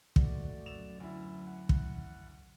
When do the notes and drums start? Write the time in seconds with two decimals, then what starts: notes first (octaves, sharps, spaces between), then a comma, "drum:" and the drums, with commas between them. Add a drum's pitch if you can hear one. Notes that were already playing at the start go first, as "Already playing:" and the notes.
0.16 A#1 G#2 A3 F#4 D5, drum: kick
0.66 F#2 E7 F7
1.00 D2 E4
1.47 F#5
1.69 drum: kick